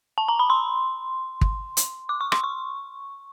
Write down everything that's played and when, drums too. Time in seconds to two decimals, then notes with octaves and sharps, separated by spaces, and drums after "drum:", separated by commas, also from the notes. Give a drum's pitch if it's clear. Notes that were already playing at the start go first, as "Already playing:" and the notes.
0.18 A5
0.28 A#5
0.39 B5
0.50 C6
1.41 drum: kick
1.77 drum: hi-hat
2.09 D6
2.21 C#6
2.32 C6, drum: rim click
2.44 C#6